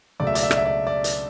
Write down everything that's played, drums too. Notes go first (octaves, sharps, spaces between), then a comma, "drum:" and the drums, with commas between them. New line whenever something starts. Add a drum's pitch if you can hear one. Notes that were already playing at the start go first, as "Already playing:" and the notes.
C#2 B2 F#3 A3 D5
E5
D5, drum: hi-hat
E5
D5, drum: rim click
E5
D5
D5
drum: hi-hat